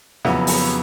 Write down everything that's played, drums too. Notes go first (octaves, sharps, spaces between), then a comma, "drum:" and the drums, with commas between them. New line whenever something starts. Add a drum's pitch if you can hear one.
F2 C#3 F#3 B3 E4, drum: snare
drum: open hi-hat